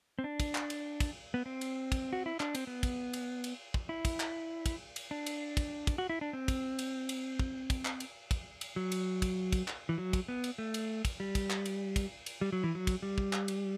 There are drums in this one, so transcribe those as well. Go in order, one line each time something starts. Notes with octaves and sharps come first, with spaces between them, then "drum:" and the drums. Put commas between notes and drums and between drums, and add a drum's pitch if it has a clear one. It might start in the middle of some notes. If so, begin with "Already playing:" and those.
C4
D4
drum: kick, cymbal
drum: clap
drum: cymbal
drum: kick, cymbal
B3
C4
drum: cymbal
drum: kick, cymbal
F#4
E4
D4, drum: clap
C4, drum: cymbal
B3
drum: kick, cymbal
drum: cymbal
drum: cymbal
drum: kick
E4
drum: kick, cymbal
drum: clap
drum: kick, cymbal
drum: cymbal
D4
drum: cymbal
drum: kick, cymbal
drum: kick, cymbal
F#4
E4
D4
C4
drum: kick, cymbal
drum: cymbal
drum: cymbal
drum: kick
drum: kick, cymbal
drum: clap
drum: cymbal
drum: kick, cymbal
drum: cymbal
F#3
drum: cymbal
drum: kick, cymbal
drum: kick, cymbal
drum: clap
E3
F#3
drum: kick, cymbal
B3
drum: cymbal
A3
drum: cymbal
drum: kick, cymbal
G3
drum: kick, cymbal
drum: clap
drum: cymbal
drum: kick, cymbal
drum: cymbal
G3
F#3
E3
F#3
drum: kick, cymbal
G3
drum: kick
drum: clap
drum: cymbal